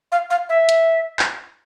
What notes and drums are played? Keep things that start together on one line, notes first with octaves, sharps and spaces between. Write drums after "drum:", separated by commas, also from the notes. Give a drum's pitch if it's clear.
F5
F5
E5
drum: hi-hat
drum: clap